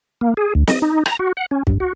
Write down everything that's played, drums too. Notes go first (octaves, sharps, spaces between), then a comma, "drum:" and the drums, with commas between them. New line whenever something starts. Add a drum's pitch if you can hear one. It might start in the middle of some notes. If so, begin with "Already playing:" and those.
A#3
G#4
D2
D#5, drum: snare
D#4
A#5, drum: rim click
F#4
F#5
C#4
G2, drum: kick
F#4